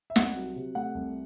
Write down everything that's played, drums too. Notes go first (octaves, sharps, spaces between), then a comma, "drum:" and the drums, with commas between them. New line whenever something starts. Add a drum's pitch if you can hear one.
E5
C2 F#5, drum: snare
F#3
C3
A3 F#5
C2